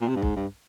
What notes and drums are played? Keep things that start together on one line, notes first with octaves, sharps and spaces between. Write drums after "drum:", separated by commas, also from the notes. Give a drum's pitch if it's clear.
A#2
C3
G2
G#2, drum: kick B1
G2